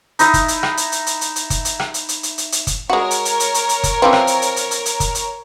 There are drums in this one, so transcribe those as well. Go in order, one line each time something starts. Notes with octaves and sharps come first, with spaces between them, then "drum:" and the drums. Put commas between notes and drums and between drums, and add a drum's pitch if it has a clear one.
D#4 E4 D#5, drum: hi-hat
drum: kick, hi-hat
drum: hi-hat
drum: rim click
drum: hi-hat
drum: hi-hat
drum: hi-hat
drum: hi-hat
drum: hi-hat
drum: kick, hi-hat
drum: hi-hat
drum: rim click
drum: hi-hat
drum: hi-hat
drum: hi-hat
drum: hi-hat
drum: hi-hat
drum: kick, hi-hat
G#3 F#4 A#4 C#5
drum: hi-hat
drum: hi-hat
drum: hi-hat
drum: hi-hat
drum: hi-hat
drum: kick, hi-hat
E3 F3 C4
drum: rim click
drum: hi-hat
drum: hi-hat
drum: hi-hat
drum: hi-hat
drum: hi-hat
drum: kick, hi-hat
drum: hi-hat